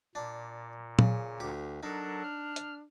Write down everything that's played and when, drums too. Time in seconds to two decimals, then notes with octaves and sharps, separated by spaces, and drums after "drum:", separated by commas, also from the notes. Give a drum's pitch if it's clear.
0.15 A#2 D4
0.99 C#3, drum: tom A#2
1.40 D2 G4
1.83 F#3 D4 D#4 A4 A#4
2.24 F6
2.56 drum: hi-hat